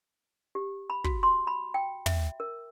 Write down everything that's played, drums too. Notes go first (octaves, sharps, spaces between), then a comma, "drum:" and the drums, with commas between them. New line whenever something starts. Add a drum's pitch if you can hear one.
G4
B5
F#4, drum: kick
C6
B5
G5
E5, drum: tom
A#4